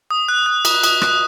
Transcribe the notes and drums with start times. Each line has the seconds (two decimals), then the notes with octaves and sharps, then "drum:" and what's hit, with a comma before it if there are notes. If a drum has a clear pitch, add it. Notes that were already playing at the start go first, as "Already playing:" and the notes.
0.11 D#6
0.28 F#6
0.46 F#6
0.65 D#6, drum: cymbal
0.83 D#6, drum: cymbal
1.02 F#6, drum: rim click